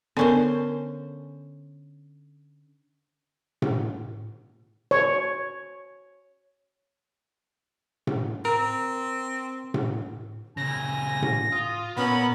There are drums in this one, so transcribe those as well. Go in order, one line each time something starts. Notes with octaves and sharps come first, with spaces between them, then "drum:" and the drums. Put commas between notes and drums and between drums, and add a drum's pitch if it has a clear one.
D3 B3 C#4 A#4 C5
drum: tom A2
C#5
drum: tom A2
C4 A#4
drum: tom A2
A#2 C#3 G#5 A#6
drum: tom A2
F4 D#6
A#2 B3 C#4 A#4 B5